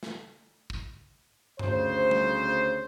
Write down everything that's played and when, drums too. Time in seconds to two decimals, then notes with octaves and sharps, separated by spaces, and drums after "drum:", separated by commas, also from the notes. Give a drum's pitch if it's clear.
0.03 drum: snare
0.70 drum: kick
1.59 D2 C#3 C5, drum: tom G2
2.11 drum: tom G3